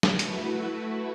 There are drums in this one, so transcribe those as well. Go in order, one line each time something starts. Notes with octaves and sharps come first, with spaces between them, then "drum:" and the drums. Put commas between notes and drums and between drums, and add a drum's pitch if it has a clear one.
drum: snare
A3 E4 F#4 B4, drum: hi-hat